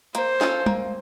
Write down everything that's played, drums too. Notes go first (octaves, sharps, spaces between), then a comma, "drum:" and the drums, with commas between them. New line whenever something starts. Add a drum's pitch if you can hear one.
A#3 C5, drum: hi-hat
C#4 F4 A4, drum: snare
A#3, drum: tom